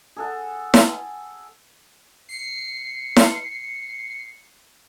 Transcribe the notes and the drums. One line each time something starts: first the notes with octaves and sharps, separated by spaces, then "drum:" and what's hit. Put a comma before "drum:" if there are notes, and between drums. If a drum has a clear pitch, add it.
G#4 A4 F#5
drum: snare E4
C7 C#7
drum: snare E4